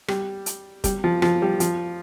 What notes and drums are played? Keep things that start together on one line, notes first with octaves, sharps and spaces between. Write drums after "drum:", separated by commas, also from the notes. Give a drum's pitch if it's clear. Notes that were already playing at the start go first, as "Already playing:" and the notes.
G3, drum: rim click
drum: hi-hat
G3, drum: kick, hi-hat
F3
F3, drum: rim click
G3
F3, drum: hi-hat